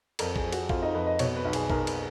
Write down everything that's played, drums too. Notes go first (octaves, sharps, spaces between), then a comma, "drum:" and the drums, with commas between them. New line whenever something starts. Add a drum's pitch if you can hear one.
F2 A#4, drum: cymbal
G#4, drum: kick A1
F3
F#4, drum: cymbal
F2 F4, drum: kick A1
D#4
F2 B4
D#5
B2 C#5, drum: cymbal
B4
B1
G#4, drum: cymbal
B1 A#4, drum: kick A1
B4, drum: cymbal